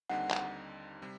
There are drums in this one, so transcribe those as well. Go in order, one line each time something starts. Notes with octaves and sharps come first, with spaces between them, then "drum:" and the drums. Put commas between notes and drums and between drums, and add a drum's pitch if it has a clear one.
D#2 D3 G3 C4 D#4 F#5
drum: clap
C3 G3